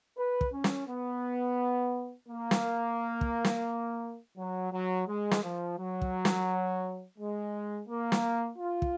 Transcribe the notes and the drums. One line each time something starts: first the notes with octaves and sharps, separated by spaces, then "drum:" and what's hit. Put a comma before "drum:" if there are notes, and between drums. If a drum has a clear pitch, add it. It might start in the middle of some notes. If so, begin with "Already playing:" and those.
B4
drum: kick
C#4
drum: snare
B3
A#3
drum: snare
drum: kick
drum: snare
F#3
F#3
G#3
drum: snare
F3
F#3
drum: kick
drum: snare
G#3
A#3
drum: snare
F4
drum: kick